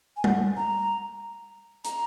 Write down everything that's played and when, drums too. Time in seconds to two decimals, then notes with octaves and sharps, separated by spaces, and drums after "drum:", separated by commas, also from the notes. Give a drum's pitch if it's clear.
0.17 G#5
0.24 F#5, drum: tom G3
0.56 A#5
1.85 A#5, drum: hi-hat